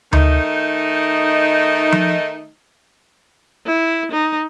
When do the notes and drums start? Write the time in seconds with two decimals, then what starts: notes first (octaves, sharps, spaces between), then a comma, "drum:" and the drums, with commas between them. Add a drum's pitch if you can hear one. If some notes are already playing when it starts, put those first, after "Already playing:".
0.13 D#3 A3 D#4, drum: tom D2
1.92 drum: tom F3
3.66 E4
4.11 D#4